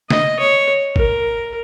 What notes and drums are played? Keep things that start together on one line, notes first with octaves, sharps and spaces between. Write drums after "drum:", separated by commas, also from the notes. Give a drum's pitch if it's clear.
D#5, drum: snare
C#5
A#4, drum: kick